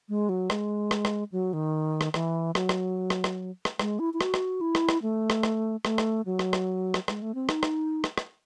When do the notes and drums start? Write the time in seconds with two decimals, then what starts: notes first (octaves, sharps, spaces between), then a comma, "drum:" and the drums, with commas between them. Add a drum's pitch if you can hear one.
0.09 G#3
0.29 F#3
0.50 G#3, drum: rim click
0.91 drum: rim click
1.05 drum: rim click
1.32 F#3
1.53 D#3
2.01 drum: rim click
2.14 E3, drum: rim click
2.55 F#3, drum: rim click
2.69 drum: rim click
3.10 drum: rim click
3.24 drum: rim click
3.65 drum: rim click
3.79 G#3, drum: rim click
3.99 E4
4.14 E4
4.21 F#4, drum: rim click
4.34 drum: rim click
4.61 E4
4.75 drum: rim click
4.89 drum: rim click
5.02 A3
5.30 drum: rim click
5.43 drum: rim click
5.85 A3, drum: rim click
5.98 drum: rim click
6.26 F#3
6.39 drum: rim click
6.53 drum: rim click
6.94 drum: rim click
7.08 G#3, drum: rim click
7.22 A3
7.35 C4
7.49 D#4, drum: rim click
7.63 drum: rim click
8.04 drum: rim click
8.18 drum: rim click